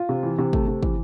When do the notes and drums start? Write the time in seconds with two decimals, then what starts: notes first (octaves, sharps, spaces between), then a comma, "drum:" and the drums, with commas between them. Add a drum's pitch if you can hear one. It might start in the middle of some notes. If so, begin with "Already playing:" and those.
Already playing: F4
0.09 C3
0.23 E3
0.38 C3
0.53 A3, drum: kick
0.67 C3
0.83 E3, drum: kick